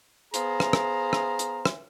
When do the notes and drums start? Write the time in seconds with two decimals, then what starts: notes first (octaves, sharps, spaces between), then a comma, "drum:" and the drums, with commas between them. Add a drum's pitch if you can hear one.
0.34 B3 G#4 C5 F5 A#5, drum: hi-hat
0.60 drum: rim click
0.73 drum: rim click
1.13 drum: rim click
1.39 drum: hi-hat
1.65 drum: rim click